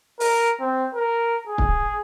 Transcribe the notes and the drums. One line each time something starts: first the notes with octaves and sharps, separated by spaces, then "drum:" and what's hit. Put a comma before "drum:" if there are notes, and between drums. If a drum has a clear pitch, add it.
A#4, drum: open hi-hat
C4
A#4
G#4
drum: kick